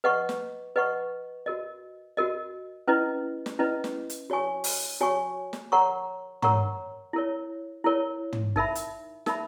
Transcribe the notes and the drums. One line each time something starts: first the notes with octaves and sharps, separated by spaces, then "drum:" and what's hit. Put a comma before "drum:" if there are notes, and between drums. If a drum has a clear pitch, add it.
B4 D#5 F#5 C#6
drum: snare
B4 D#5 F#5 C#6
F#4 A#4 D#5
F#4 A#4 D#5
C#4 E4 B4 D#5
drum: snare
C#4 E4 B4 D#5
drum: snare
drum: hi-hat
F#4 C#5 G#5 C#6
drum: open hi-hat
F#4 C#5 G#5 C#6
drum: snare
A#4 C#5 F#5 A#5 C#6
A#4 C#5 F#5 A#5 C#6, drum: tom
E4 A#4 C#5
E4 A#4 C#5
drum: tom
D#4 A#4 E5 B5, drum: kick
drum: hi-hat
D#4 A#4 E5 B5, drum: snare